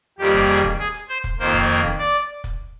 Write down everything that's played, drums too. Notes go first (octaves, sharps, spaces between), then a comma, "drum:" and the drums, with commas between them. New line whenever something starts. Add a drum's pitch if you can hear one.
F2 D#3 G3 A#3 G4
drum: kick, hi-hat
G#4
drum: kick, hi-hat
G#4
drum: hi-hat
C5
drum: kick, hi-hat
F2 D#3 A#3 C5
drum: kick, hi-hat
drum: kick, hi-hat
D5
drum: hi-hat
drum: kick, hi-hat